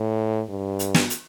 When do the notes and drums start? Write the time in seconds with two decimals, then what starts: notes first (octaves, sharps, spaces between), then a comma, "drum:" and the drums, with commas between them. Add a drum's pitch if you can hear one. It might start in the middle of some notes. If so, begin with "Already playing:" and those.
Already playing: A2
0.49 G2
0.79 drum: hi-hat
0.94 drum: snare
1.10 drum: hi-hat